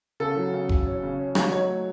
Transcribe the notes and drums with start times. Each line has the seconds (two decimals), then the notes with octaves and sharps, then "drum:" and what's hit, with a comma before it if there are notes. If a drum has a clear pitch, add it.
0.20 C#3 A4
0.36 F#3
0.53 C#3
0.69 C#3, drum: kick F1
0.86 C#4
1.03 C#3
1.19 C#4
1.35 F#3, drum: rim click
1.51 D#4 C#5
1.68 A3